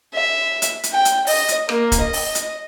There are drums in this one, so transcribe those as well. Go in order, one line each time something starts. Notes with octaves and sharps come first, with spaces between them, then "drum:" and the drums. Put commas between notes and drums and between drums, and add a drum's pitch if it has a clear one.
E5
drum: hi-hat
drum: hi-hat
G5
drum: hi-hat
D#5, drum: open hi-hat
drum: hi-hat
A#3, drum: rim click
drum: kick D1, hi-hat
D#5
drum: open hi-hat
drum: hi-hat